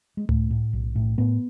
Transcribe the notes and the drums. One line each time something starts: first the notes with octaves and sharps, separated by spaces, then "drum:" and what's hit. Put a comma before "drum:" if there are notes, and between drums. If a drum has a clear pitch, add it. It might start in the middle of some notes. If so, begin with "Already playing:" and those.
G#3
A2 A3, drum: tom C#2
A2
B1
A2
A2 B3